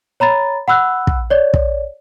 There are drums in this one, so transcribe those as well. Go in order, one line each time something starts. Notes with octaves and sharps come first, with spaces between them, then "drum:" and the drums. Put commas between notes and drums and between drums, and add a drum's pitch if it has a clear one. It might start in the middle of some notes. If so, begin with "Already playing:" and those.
C#5 A#5 B5 A6
F#5 B5 E6 F#6
drum: kick
C#5 D5
drum: kick